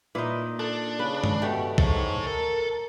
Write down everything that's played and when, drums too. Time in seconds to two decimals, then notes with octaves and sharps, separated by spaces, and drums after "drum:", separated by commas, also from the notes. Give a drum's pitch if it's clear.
0.15 A#2 D#4 E4 B4 D5
0.59 D4 A4
0.99 C#3 B4
1.24 drum: tom G2
1.42 B2 A3 G4
1.78 G#2 A4 C#5, drum: kick B1
2.27 A4 A#4